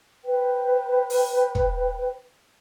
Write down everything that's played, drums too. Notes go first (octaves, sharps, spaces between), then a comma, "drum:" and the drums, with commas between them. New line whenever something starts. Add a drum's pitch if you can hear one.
B4 C5 G5
drum: open hi-hat
drum: kick